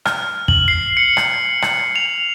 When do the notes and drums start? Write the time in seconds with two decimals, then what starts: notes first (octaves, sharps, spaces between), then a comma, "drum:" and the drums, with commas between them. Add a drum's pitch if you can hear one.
0.06 F6, drum: rim click
0.48 F#7, drum: kick
0.68 C7
0.97 C#7
1.17 drum: rim click
1.62 drum: rim click
1.96 F7